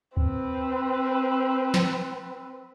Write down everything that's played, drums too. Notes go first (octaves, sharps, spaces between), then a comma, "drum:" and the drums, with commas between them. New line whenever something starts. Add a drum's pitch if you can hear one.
C4 B4, drum: kick
drum: snare